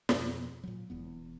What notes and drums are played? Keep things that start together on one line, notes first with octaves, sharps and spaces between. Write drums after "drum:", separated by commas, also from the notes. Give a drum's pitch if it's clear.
F2 B2, drum: snare
A#2 F#3
E1 E2 B3